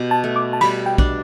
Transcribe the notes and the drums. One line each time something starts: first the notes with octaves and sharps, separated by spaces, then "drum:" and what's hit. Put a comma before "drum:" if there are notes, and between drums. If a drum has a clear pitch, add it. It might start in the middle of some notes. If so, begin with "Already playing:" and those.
Already playing: B2 G4
A5
A3
D6
A5
G3 B5, drum: cymbal
G5
D4, drum: kick